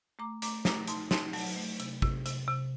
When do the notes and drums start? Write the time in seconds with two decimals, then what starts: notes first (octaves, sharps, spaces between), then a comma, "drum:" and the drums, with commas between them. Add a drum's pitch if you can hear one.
0.19 A3 A#5 D6
0.42 A3 A#5 D6, drum: hi-hat
0.65 A3 A#5 D6, drum: snare
0.87 D#4 A5 C6, drum: hi-hat
1.11 D#4 A5 C6, drum: snare
1.33 F#3 F#5 A5, drum: open hi-hat
1.56 A3
1.80 C3, drum: hi-hat
2.02 C3, drum: kick
2.26 C3, drum: hi-hat
2.48 C3